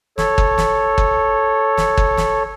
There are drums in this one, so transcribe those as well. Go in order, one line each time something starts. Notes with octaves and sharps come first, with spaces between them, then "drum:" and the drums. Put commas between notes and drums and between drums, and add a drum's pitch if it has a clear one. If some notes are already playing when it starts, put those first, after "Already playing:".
A4 C#5, drum: snare
drum: kick
drum: snare
drum: kick
drum: snare
drum: kick
drum: snare